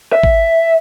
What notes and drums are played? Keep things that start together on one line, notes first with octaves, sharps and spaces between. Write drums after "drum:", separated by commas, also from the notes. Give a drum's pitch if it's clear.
E5
drum: kick